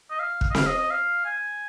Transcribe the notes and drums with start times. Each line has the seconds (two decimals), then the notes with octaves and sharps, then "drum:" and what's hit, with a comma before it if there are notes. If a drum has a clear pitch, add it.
0.10 D#5
0.19 F5
0.41 drum: kick
0.51 D#5
0.55 F5, drum: snare C4
0.66 D#5
0.78 D#5
0.91 F5
1.25 G#5